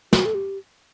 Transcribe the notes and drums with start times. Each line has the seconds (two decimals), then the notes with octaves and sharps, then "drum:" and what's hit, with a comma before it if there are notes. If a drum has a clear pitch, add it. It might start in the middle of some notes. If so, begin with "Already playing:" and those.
0.13 F#4, drum: snare
0.25 A4
0.35 G4